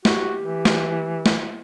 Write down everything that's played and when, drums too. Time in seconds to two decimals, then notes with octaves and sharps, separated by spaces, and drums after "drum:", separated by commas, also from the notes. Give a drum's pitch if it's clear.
0.05 F#4 G4, drum: snare
0.41 E3
0.65 drum: snare
1.26 drum: snare